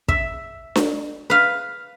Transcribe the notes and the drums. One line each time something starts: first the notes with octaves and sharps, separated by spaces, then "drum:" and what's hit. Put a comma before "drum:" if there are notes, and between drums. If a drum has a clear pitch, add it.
E5, drum: kick
drum: snare D4
B4 F5